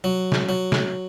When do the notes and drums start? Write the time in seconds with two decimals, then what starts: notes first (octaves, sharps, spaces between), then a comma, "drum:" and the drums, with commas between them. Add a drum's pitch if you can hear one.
0.04 F#3
0.32 drum: snare
0.49 F#3
0.72 drum: snare